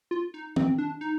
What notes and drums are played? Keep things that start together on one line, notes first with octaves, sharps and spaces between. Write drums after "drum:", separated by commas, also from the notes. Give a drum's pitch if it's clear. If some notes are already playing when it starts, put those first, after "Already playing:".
F4
D#4
C4, drum: tom D#3
D4
D#4